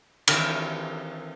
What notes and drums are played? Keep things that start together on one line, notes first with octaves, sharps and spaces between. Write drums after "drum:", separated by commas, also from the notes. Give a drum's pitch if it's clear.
D#3 E3 C4 G4 A#4, drum: cymbal